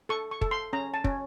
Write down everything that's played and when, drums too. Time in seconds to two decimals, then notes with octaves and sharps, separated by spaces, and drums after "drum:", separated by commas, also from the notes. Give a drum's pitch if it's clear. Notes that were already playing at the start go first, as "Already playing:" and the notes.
0.09 A4 C#6
0.31 C#6
0.41 A4, drum: kick
0.51 C6
0.73 C#4 A#5
0.94 A5
1.04 C#4, drum: kick